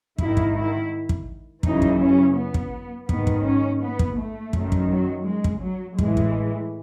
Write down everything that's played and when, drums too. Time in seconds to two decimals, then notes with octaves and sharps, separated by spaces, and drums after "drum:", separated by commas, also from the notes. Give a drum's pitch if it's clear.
0.18 G#2 D#3 E4, drum: kick
0.37 drum: kick
0.55 E4
1.09 drum: kick
1.63 F#2 C#3 E3 D#4, drum: kick
1.82 drum: kick
2.00 C#4
2.37 B3
2.54 drum: kick
3.09 G#2 D#3 B3, drum: kick
3.27 drum: kick
3.44 C#4
3.82 B3
3.99 drum: kick
4.17 A3
4.53 F#2 D#3, drum: kick
4.72 drum: kick
4.90 F#3
5.26 G#3
5.44 drum: kick
5.62 F#3
5.99 A2 E3 G#3, drum: kick
6.17 drum: kick